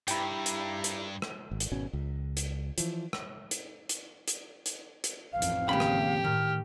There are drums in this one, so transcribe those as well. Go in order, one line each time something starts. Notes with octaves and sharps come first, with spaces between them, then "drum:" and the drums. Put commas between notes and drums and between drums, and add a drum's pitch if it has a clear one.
G2 E4 G4 G5 A#5 B5, drum: hi-hat
drum: hi-hat
drum: hi-hat
drum: rim click
G#1
drum: hi-hat
G#1 B2 C#4
C#2
drum: hi-hat
E3 F3, drum: hi-hat
drum: rim click
drum: hi-hat
drum: hi-hat
drum: hi-hat
drum: hi-hat
drum: hi-hat
A1 F2 F5
drum: hi-hat
D#2 C#3 G4 B5
drum: rim click
A2 D#3 F6